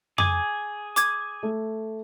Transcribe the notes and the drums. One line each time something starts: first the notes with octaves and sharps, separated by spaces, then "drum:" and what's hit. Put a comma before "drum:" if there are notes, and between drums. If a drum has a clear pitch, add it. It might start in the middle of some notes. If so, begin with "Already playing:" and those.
G#4 G#5 D6, drum: tom F2
D6 G#6, drum: hi-hat
A3